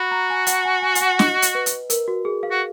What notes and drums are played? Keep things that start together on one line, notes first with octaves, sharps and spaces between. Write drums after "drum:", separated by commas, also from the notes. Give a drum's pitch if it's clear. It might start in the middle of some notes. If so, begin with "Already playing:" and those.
Already playing: F#4 B5 C#6
A#5
G#5
F#5, drum: hi-hat
G#5
G#5
G#5, drum: hi-hat
F#5
D#5, drum: snare
drum: hi-hat
B4
drum: hi-hat
A#4, drum: hi-hat
F#4
G#4
F5
F#4